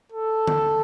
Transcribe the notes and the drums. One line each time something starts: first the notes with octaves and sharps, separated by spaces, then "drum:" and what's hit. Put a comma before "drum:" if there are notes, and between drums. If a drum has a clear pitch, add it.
A4
drum: tom D3